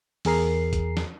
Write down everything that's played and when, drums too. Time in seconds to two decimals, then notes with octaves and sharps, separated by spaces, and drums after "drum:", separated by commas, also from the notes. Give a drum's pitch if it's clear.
0.25 E2 G#4 A#4 C7, drum: open hi-hat
0.73 drum: kick, hi-hat
0.97 drum: snare